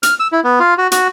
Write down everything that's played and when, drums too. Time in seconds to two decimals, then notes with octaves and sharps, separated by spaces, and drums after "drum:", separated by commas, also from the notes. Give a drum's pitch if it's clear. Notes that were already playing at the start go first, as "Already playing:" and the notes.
0.03 F6, drum: hi-hat
0.20 E6
0.32 E4
0.44 B3
0.60 F4
0.78 F#4
0.92 F#4, drum: hi-hat